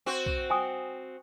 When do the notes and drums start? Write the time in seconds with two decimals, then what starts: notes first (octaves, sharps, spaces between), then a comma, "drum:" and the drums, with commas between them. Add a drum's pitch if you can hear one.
0.06 C4 F#4
0.26 drum: kick
0.50 G5 G#5 D#6